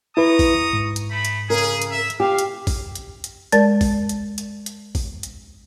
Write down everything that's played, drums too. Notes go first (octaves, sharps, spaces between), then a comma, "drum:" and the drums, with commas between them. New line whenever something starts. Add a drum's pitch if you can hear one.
E4 B4 A#5 C#6 D#6
drum: kick, open hi-hat
G#2
drum: hi-hat
A3 B5
drum: hi-hat
C#3 G#4 A#4
drum: hi-hat
E5
drum: hi-hat
G4 F5
drum: hi-hat
drum: kick, open hi-hat
drum: hi-hat
drum: hi-hat
G#3 A#4 D5 A5 A6, drum: hi-hat
drum: kick, open hi-hat
drum: hi-hat
drum: hi-hat
drum: hi-hat
drum: kick, open hi-hat
drum: hi-hat